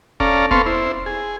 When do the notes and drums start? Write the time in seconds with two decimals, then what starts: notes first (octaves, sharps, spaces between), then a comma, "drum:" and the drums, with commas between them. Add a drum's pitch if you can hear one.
0.20 C#4 A4 D5 F5 A#5, drum: kick E1
0.51 B3 C4 A4 F5 C6 C#6, drum: kick E1
0.66 E4 C5
1.06 G#4